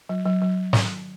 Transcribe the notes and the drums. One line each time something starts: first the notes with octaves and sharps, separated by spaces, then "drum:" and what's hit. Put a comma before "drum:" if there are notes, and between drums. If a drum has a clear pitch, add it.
F#3
F#3
F#3
drum: snare